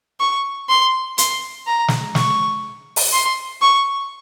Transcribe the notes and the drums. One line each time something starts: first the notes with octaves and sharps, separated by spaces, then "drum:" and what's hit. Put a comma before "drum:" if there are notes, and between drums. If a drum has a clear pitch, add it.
C#6
C6
C6, drum: hi-hat
A#5
drum: snare
C#6, drum: snare
drum: open hi-hat
C6
C#6